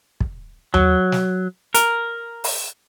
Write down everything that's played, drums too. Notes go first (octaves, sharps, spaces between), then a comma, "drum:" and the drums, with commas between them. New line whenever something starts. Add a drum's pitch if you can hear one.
drum: kick
F#3, drum: tom D#2
drum: snare
A#4, drum: hi-hat
drum: open hi-hat